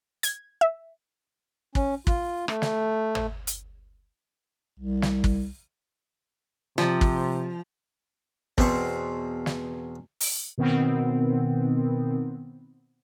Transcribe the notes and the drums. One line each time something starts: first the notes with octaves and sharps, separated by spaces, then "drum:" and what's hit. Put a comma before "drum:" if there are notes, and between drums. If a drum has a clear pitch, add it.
G#6, drum: hi-hat
E5
C#4, drum: kick
F4, drum: kick
A3, drum: rim click
drum: snare
drum: tom G#1
drum: hi-hat
C2
drum: snare
drum: kick
C3 F3, drum: snare
drum: kick
E2 B2 C4 C5 C#6, drum: kick
drum: snare
drum: open hi-hat
B2 D#3 B3 C4